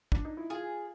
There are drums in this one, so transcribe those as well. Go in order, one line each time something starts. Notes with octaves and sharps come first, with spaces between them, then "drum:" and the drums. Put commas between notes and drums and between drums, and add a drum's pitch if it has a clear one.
D4, drum: kick
D#4
E4
F4 G#4